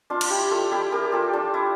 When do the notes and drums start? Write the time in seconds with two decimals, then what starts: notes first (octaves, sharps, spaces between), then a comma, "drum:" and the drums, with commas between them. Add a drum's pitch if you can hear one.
0.10 D4 F4
0.21 F4, drum: cymbal
0.30 E4 G4
0.51 F4 A4
0.72 E4 G4
0.92 G4 A#4
1.12 F4 A4
1.33 D4 F4
1.54 E4